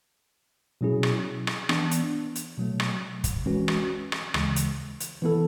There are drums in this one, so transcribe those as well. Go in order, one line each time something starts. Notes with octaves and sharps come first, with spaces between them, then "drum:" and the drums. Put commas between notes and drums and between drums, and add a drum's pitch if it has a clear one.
B2 F#3 C#4 E4 G#4
drum: rim click
drum: rim click
E3 B3 D4, drum: rim click
drum: hi-hat
drum: hi-hat
B2 F#3 A3
drum: rim click
drum: kick, hi-hat
E3 G#3 C#4 F#4 B4
drum: rim click
drum: rim click
D2 C#3 E3 G#3, drum: rim click
drum: hi-hat
drum: hi-hat
E3 B3 E4 A4